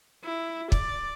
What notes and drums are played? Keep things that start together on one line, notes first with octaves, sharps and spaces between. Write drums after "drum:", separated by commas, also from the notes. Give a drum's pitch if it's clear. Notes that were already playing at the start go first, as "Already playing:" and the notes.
E4
D5, drum: kick